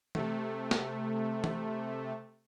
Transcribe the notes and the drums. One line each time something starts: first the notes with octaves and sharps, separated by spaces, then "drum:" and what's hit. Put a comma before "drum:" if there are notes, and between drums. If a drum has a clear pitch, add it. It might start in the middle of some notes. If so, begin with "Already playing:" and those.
C3 A3, drum: tom
drum: snare
drum: tom